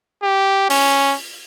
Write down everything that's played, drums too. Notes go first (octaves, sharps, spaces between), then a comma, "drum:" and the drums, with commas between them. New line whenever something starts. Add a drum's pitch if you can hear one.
G4
C#4, drum: open hi-hat